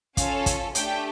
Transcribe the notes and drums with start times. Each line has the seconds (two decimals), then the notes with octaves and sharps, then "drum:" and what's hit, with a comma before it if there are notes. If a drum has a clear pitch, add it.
0.17 C#4 F4 A4 F5, drum: kick, hi-hat
0.46 drum: kick, hi-hat
0.75 A3 D4 G4 G5, drum: hi-hat